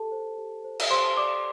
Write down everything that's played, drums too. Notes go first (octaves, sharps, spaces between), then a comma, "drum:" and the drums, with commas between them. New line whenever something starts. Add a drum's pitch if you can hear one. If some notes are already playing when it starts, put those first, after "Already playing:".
Already playing: G4 A4 A5
C5
G4
C5
drum: cymbal
G4 C5 C6
C5 D5 D6